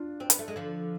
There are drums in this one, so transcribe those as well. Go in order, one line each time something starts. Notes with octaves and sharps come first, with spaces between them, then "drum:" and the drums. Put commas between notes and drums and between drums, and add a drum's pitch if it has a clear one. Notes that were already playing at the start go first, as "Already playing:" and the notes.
Already playing: D4 F4
C4
B3, drum: hi-hat
A3
G#3
D3 F3